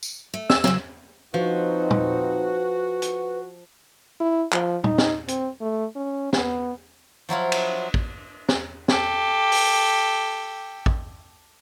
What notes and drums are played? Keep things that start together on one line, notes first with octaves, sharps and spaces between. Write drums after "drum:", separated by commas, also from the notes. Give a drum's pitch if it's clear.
drum: tambourine
A3
E6, drum: snare
C#3 F#3, drum: snare
F3 C4 D#4 F#4 B4
drum: tom
drum: hi-hat
E4
F3, drum: clap
D#4, drum: tom
drum: snare
C4, drum: hi-hat
A3
C#4
B3, drum: snare
F3 F#3 E4 F4
drum: cymbal
drum: kick
drum: snare
G4 A4, drum: snare
drum: open hi-hat
drum: kick